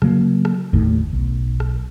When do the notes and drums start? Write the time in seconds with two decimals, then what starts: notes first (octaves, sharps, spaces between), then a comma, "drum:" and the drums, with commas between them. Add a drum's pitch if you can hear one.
0.02 C#3 F#3 A#3, drum: rim click
0.45 drum: rim click
0.73 D#2 A2, drum: kick G1
1.13 B1
1.60 drum: rim click